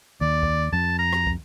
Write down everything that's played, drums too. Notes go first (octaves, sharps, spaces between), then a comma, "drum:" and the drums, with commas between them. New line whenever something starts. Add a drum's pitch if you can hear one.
D#2 D5
drum: kick
F2 A5
A#5
drum: rim click
drum: kick